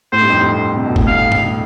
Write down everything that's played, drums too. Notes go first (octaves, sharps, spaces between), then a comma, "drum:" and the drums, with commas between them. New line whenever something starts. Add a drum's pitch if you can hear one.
A2 C5
G2
F2
G2
C3
B2
A2, drum: kick
F5
drum: tom F#2